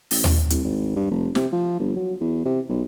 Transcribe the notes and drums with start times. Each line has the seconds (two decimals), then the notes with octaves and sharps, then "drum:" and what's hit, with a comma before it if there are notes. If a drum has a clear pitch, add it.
0.11 A1, drum: open hi-hat
0.24 drum: tom D#2
0.50 C2, drum: hi-hat
0.64 G#1
0.96 G2
1.11 F1
1.35 C3, drum: snare
1.52 F3
1.79 G1
1.96 F#3
2.21 E2
2.45 C3
2.69 B1